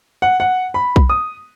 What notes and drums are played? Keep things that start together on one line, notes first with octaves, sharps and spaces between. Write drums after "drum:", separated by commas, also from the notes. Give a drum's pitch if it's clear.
F#5
F#5
B5
drum: kick B1
D#6